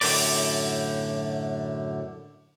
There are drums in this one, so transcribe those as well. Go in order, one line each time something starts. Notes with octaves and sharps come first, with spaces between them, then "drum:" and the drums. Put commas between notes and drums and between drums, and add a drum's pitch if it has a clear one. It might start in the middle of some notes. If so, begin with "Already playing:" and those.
F#2 A2 D3 G4 D5, drum: open hi-hat